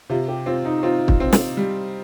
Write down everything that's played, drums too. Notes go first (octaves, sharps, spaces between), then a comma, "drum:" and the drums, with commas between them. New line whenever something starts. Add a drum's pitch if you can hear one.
C3 F4
G4
C4 F4
D#4
C4 F4
drum: kick
C4
drum: snare
G3